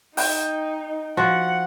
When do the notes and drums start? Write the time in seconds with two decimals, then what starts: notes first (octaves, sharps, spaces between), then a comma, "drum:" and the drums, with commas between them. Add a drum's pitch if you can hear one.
0.17 D#4 G5, drum: open hi-hat
1.17 F3 F#4 F#5